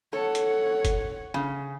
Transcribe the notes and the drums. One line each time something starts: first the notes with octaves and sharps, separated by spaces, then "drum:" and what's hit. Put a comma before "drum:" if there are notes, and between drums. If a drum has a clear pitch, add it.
A4 C#5 F#5
drum: hi-hat
drum: kick, hi-hat
C#3, drum: rim click